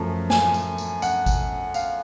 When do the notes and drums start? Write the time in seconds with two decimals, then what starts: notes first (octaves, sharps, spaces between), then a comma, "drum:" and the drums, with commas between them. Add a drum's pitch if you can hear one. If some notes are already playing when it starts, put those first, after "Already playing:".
Already playing: F#2 F3 A3
0.30 G#5, drum: snare
0.54 drum: tambourine
0.78 drum: tambourine
1.02 F#5, drum: tambourine
1.26 drum: kick G#1, tambourine
1.74 F5, drum: tambourine